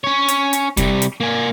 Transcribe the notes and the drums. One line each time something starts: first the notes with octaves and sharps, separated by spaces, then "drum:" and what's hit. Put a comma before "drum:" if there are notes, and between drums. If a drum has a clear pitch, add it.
C#4 C#5
drum: hi-hat
drum: hi-hat
C3 G3, drum: kick, hi-hat
drum: hi-hat
A#3 G#5